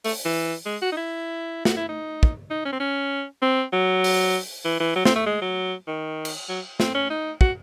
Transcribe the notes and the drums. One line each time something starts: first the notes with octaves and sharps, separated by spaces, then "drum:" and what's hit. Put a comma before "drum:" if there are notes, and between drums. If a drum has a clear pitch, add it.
A3, drum: open hi-hat
E3
G#3
F#4
D#4
E4
F#4, drum: snare
E4
D#4
drum: kick
D#4
C#4
C4
C#4
C4
F#3
drum: open hi-hat
E3
E3
F#3
C4, drum: snare
A3
G#3
F#3
D#3
drum: cymbal
F#3
C4, drum: snare
C#4
D#4
F#4, drum: kick